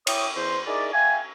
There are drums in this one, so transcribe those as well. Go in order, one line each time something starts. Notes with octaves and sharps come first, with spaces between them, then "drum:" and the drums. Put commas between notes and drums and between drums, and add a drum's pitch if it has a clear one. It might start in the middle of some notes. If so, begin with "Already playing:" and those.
E4 C#5 G5 D6 D#6, drum: cymbal
E2 C5
D#4 E4 G#4 A#4 D5
E5 F5 G5 G#5